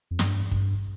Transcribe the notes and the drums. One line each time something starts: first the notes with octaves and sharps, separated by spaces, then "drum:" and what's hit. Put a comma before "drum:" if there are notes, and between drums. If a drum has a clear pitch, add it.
F2
G2, drum: snare
G2, drum: kick